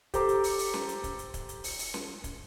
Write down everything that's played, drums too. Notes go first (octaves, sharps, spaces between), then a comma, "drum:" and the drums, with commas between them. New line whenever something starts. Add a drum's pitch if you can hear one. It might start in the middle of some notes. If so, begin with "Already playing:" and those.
G4 A4 C5 A#5 D6, drum: kick, hi-hat
drum: hi-hat
drum: open hi-hat
drum: open hi-hat
drum: snare C#4
drum: hi-hat
drum: kick, hi-hat
drum: hi-hat
drum: kick, hi-hat
drum: hi-hat
drum: open hi-hat
drum: open hi-hat
drum: snare C#4
drum: kick, hi-hat